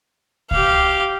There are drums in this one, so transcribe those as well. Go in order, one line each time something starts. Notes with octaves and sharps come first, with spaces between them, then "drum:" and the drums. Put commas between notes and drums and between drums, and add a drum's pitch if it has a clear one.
G4 F5, drum: kick C2